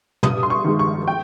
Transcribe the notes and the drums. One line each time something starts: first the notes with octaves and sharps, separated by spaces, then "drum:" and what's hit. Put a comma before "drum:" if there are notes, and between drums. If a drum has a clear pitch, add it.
G2 D#6, drum: tom
C6
C#6
D#3 G#3
C#6
G5